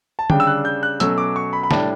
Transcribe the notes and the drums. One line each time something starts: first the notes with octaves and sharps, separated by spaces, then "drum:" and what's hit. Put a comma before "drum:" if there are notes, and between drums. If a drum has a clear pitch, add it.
A5
C#3 G3 D4 G5, drum: tom D3
E6
F#6
G6
F#6
B2 F#3 A3 C#4 E6, drum: hi-hat
D6
C#6
B5
B5
A2 G3 D4 A5, drum: snare